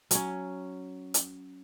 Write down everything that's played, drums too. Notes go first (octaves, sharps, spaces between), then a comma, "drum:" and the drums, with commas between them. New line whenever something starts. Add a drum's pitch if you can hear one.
F#3 C#4, drum: hi-hat
drum: hi-hat